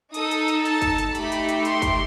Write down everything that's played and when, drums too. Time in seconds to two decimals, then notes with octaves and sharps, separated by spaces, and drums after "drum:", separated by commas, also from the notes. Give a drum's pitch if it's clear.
0.14 D#4 A4 D#6, drum: hi-hat
0.31 drum: hi-hat
0.48 drum: hi-hat
0.65 A5, drum: hi-hat
0.82 drum: kick, hi-hat
0.98 drum: hi-hat
1.15 A3 D#4 G4 B5, drum: hi-hat
1.32 drum: hi-hat
1.49 drum: hi-hat
1.65 C6, drum: hi-hat
1.82 drum: kick, hi-hat